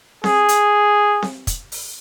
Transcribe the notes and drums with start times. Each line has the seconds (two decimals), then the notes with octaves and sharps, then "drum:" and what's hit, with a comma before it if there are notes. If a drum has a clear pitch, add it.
0.24 G#4, drum: snare C4
0.49 drum: hi-hat
1.22 drum: snare C4
1.47 drum: kick, hi-hat
1.72 drum: open hi-hat